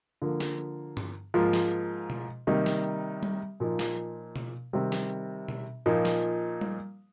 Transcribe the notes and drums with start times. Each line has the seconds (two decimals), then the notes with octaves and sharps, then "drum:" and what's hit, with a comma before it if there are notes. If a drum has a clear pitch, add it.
0.22 D3 F3 A#3
0.40 drum: snare
0.97 drum: tom G2
1.34 G#2 F3 A#3 F4
1.53 drum: snare
2.10 drum: tom B2
2.47 C3 D#3 G3 A#3 D#4
2.66 drum: snare
3.23 drum: tom G3
3.60 A#2 F3 A#3 D#4
3.79 drum: snare
4.36 drum: tom B2
4.73 C3 D#3 G3 C4
4.92 drum: snare
5.49 drum: tom B2
5.86 A#2 F3 A#3 D#4
6.05 drum: snare
6.61 drum: tom G3